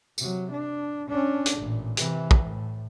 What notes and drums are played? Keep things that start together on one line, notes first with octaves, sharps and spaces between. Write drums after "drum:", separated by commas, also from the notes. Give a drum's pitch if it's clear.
C3 F#3, drum: tambourine
D4
C#4 D4
drum: hi-hat
A1 A#2
C3 E3, drum: hi-hat
drum: kick
A2